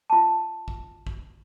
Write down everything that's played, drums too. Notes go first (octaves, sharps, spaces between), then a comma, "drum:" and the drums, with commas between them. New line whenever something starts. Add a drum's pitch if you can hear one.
F4 A5
drum: kick
drum: kick